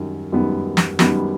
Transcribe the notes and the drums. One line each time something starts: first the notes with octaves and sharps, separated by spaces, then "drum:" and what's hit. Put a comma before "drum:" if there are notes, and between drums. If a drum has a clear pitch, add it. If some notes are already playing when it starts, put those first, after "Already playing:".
Already playing: F#2 D#3 G3
F#2 D#3 G3 B3
drum: snare
F#2 D#3 G3 B3, drum: snare